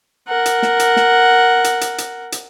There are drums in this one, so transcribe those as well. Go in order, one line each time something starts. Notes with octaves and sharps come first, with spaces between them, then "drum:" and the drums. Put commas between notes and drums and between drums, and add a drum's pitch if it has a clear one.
A#4 F#5
drum: hi-hat
drum: snare
drum: hi-hat
drum: snare
drum: hi-hat
drum: hi-hat
drum: hi-hat
drum: hi-hat